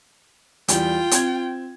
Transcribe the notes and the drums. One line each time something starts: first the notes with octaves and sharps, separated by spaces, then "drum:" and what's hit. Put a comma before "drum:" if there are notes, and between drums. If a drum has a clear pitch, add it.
E2 G3 F4 G5, drum: hi-hat
C4 G#6, drum: hi-hat